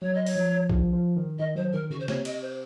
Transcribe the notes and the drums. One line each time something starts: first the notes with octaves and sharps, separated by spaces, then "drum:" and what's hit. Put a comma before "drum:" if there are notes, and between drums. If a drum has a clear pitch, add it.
F#3 C#5
D#5
C#5, drum: open hi-hat
F3
F3, drum: kick B1
F3
D#3
D#3 D#5
F#3 C5
D#3 A#4
C#3 F#4
C5
C3 C#5, drum: snare
D#5, drum: cymbal
C5